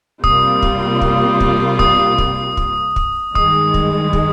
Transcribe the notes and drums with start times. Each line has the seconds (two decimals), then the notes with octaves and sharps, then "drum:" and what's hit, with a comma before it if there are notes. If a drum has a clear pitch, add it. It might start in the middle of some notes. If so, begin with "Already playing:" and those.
0.24 C3 G3 A#3 F4 D#6, drum: kick
0.62 drum: kick
1.01 drum: kick
1.40 drum: kick
1.79 D#6, drum: kick
2.18 drum: kick
2.57 drum: kick
2.96 drum: kick
3.35 G2 D#3 G#3 D#6, drum: kick
3.74 drum: kick
4.13 drum: kick